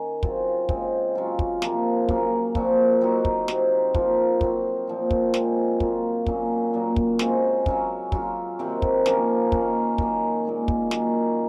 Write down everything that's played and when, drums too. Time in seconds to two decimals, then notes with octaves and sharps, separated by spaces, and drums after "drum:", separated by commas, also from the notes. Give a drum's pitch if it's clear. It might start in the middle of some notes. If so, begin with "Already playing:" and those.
Already playing: D#3 C#4
0.23 C#3 F#3 C4 F4, drum: kick
0.69 C#3 G#3 C4, drum: kick
1.15 F#3 C#4 F4
1.39 drum: kick
1.62 C3 F3 A#3, drum: snare
2.09 C#3 F#3 A#3, drum: kick
2.55 A#2 F3 C4 F#4, drum: kick
3.01 F#3 C4 D#4 F#4
3.25 drum: kick
3.48 C3 F#3 C4, drum: snare
3.95 F3 A#3 F4, drum: kick
4.41 F#3 C4 F#4, drum: kick
4.87 A#2 F3 C4
5.11 drum: kick
5.34 A#2 G#3 C4, drum: snare
5.80 F#3 A#3 F4, drum: kick
6.26 A#2 F#3 C#4, drum: kick
6.73 A#2 F#3 A#3
6.96 drum: kick
7.19 C#3 G#3 C4 F#4, drum: snare
7.66 C#3 F#3 C#4, drum: kick
8.12 F#3 C#4 F4, drum: kick
8.59 C3 D#3 F#3 C4
8.82 drum: kick
9.06 F3 A#3 C#4, drum: snare
9.52 D#3 A#3 C#4, drum: kick
9.98 D#3 F#3 A#3, drum: kick
10.45 A#2 G#3 C#4
10.68 drum: kick
10.91 D#3 F#3 A#3 C#4, drum: snare